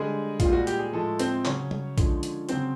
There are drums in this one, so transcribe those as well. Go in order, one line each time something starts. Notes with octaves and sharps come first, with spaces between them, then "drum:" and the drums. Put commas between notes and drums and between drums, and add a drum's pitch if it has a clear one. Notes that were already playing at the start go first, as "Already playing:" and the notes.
Already playing: D3 G3 G#3 G#4
A#2 G3 F4, drum: kick A#1, hi-hat
F#4
G4, drum: hi-hat
G#4
A2 F3 G#3 A3 A4
C4 C5, drum: hi-hat
C#3 F#3 C#4 C#5, drum: clap
drum: tom G3
D3 F3 G#3, drum: kick A#1, hi-hat
drum: hi-hat
C#3 F#3 C4 C5, drum: hi-hat